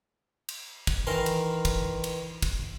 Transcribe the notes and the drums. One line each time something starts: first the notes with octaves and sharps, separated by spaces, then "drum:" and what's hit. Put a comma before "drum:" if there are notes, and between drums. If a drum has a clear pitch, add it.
drum: cymbal
drum: kick, cymbal
D#3 E3 A#4 C6
drum: cymbal
drum: kick, cymbal
drum: cymbal
drum: kick, cymbal